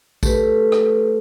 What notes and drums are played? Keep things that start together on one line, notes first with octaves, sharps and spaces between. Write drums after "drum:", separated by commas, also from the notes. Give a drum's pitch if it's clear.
A3 G4 B4, drum: kick A#1, tambourine
drum: rim click